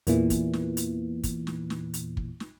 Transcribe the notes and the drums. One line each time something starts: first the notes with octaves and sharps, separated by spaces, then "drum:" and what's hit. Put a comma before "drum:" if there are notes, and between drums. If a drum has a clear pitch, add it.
E2 A#2 E3, drum: hi-hat
drum: kick, hi-hat
drum: snare
drum: hi-hat
drum: kick, hi-hat
drum: snare
drum: snare
drum: hi-hat
drum: kick
drum: snare